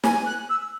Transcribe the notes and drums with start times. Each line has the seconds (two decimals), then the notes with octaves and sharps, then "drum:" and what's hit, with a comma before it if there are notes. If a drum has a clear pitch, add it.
0.04 G#5, drum: snare
0.26 F#6
0.49 E6